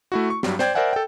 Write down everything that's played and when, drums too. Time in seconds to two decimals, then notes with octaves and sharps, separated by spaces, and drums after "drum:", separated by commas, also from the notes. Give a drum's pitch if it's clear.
0.12 A3 E4 F#4
0.30 C#6
0.43 G2 F#3 G3, drum: snare
0.59 C5 D5 G5 G6 G#6, drum: snare
0.75 A#4 C5 D5 E5 F#5 G#5
0.93 A4 G5